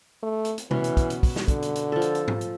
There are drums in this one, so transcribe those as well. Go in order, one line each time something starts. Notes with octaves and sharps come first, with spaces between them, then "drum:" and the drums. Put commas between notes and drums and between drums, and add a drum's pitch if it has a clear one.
A3
drum: hi-hat
drum: hi-hat
B2 E3 C#4, drum: tom C3
drum: hi-hat
drum: kick, hi-hat
drum: hi-hat
drum: kick, open hi-hat
drum: snare
D3, drum: kick, hi-hat
drum: hi-hat
drum: hi-hat
F3 A4
drum: hi-hat
drum: hi-hat
drum: tom G#2
drum: hi-hat